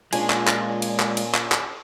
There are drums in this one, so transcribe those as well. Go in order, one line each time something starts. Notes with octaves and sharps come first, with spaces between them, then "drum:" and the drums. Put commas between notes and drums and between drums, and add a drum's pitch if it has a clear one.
A#2 G#3 C#4 D4 F4 G#5, drum: cymbal
drum: clap
drum: clap
drum: cymbal
drum: clap
drum: cymbal
drum: clap
drum: clap